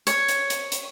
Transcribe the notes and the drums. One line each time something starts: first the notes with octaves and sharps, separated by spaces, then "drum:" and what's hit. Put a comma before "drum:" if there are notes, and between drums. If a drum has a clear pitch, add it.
C#5, drum: hi-hat
drum: hi-hat
drum: hi-hat
drum: hi-hat